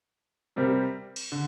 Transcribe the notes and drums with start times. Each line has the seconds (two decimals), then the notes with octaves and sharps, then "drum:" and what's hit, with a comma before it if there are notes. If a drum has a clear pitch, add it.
0.56 C3 G3 C4 G4 A#4
1.16 drum: cymbal
1.32 D3